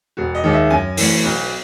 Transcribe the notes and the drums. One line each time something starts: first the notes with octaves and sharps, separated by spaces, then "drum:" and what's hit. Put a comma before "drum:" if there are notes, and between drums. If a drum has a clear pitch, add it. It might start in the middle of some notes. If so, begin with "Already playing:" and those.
E1 F#4
D#5
D#2 D#3 G#3
E5
F#2 G#5
E3 A3, drum: open hi-hat
B1